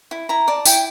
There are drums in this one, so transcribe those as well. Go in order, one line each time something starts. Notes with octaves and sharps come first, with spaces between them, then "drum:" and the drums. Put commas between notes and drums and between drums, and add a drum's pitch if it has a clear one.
E4
E4 A#5
D5 A5
E4 G5, drum: tambourine